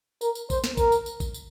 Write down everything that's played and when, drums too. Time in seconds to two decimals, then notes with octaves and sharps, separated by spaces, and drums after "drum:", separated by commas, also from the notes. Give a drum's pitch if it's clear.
0.21 A#4, drum: tambourine
0.35 drum: tambourine
0.50 C5, drum: kick A1, tambourine
0.64 drum: snare
0.77 A#4, drum: kick A1, tambourine
0.92 drum: tambourine
1.06 drum: tambourine
1.20 drum: kick A1, tambourine
1.34 drum: tambourine